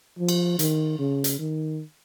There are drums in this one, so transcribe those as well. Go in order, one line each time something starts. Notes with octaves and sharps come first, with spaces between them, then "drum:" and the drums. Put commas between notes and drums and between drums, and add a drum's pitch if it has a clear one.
F3
drum: cymbal
D#3, drum: hi-hat
C#3
drum: hi-hat
D#3